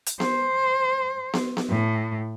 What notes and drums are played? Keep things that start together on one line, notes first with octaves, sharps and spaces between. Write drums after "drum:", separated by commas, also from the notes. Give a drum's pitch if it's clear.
drum: hi-hat
C5, drum: snare B3
drum: snare B3
drum: snare B3
A2